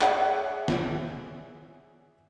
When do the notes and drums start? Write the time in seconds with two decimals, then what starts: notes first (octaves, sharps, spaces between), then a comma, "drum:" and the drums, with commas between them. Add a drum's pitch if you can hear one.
0.01 G#4 C#5 D5 E5 F#5, drum: clap
0.68 drum: snare